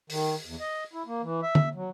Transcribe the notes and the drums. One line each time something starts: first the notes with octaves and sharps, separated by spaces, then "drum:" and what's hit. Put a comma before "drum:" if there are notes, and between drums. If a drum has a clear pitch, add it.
D#3, drum: open hi-hat
E2
D#5
E4
A#3
E3
E5
drum: tom
F#3